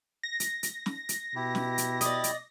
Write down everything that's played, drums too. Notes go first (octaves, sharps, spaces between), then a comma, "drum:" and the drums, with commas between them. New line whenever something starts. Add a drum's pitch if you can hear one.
A#6
drum: hi-hat
drum: hi-hat
drum: snare
drum: hi-hat
B2 E4 G4
drum: snare
drum: hi-hat
D5 D#5, drum: hi-hat
drum: hi-hat